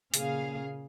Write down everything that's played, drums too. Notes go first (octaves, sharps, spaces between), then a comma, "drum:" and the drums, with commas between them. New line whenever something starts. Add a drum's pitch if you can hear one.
A#2 C#3 G#4 F5, drum: hi-hat